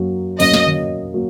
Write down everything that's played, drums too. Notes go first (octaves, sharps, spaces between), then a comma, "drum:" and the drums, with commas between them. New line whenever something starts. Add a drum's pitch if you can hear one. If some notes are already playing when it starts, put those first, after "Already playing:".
Already playing: F#2 F#3 A#3 C#4
F#2 F#3 A#3 C#4 D#5, drum: open hi-hat
drum: snare
drum: tom D3
F#3 A#3